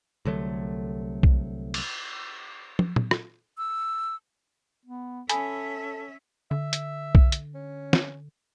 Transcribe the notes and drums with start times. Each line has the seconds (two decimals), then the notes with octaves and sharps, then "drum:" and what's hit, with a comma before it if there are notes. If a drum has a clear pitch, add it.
0.25 C2 D3 F#3 A3
1.23 drum: kick B1
1.74 drum: cymbal
2.79 drum: tom
2.96 drum: tom
3.11 drum: rim click
3.58 E6
4.85 B3
5.29 C#4 A4 E5 G#5 B5 D#6, drum: hi-hat
6.51 D3 E5
6.73 drum: hi-hat
7.15 drum: kick B1
7.32 drum: hi-hat
7.55 C#4
7.93 drum: snare